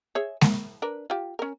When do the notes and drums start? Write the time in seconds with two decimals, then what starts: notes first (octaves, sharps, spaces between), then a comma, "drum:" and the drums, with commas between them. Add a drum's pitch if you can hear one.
0.15 G#4 C#5 E5
0.41 A#4, drum: snare G#3
0.82 D4 A#4 B4
1.10 F4 G4
1.39 C#4 A#4